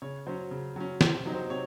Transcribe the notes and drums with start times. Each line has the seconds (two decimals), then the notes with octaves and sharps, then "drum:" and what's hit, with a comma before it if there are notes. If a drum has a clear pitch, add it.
0.02 C#3 C#5
0.27 F#3 C#4 C5
0.51 C#3
0.76 F#3 C#4
1.01 C3 C5, drum: snare
1.26 F#3 C4 D#4
1.33 C5
1.50 C3 C#5